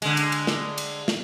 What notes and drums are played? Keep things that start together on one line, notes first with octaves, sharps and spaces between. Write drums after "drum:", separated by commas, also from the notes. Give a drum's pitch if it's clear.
D3 G#3, drum: cymbal
drum: cymbal
drum: cymbal
drum: snare
drum: cymbal
drum: snare